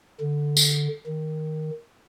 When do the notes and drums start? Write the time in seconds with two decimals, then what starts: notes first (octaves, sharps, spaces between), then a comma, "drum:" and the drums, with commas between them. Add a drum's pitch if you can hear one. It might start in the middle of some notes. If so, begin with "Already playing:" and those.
0.21 D3
0.57 drum: tambourine
1.07 D#3